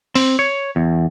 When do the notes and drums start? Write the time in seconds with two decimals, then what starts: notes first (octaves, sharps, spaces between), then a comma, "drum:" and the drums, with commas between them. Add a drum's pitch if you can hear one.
0.15 C4, drum: open hi-hat
0.39 C#5
0.76 E2